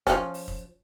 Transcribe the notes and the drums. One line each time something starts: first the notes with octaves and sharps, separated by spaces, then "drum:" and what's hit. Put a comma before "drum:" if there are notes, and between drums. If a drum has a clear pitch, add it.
F3 C#4, drum: kick, hi-hat
drum: open hi-hat
drum: kick